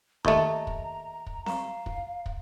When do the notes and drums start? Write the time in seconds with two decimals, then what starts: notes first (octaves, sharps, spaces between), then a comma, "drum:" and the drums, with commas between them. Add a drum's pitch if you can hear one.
0.25 D#2 A3 D#5 E5 A#5 C#6, drum: kick
0.67 drum: kick
1.26 drum: kick
1.46 F5 A#5 C#6, drum: snare C4
1.86 drum: kick
2.26 drum: kick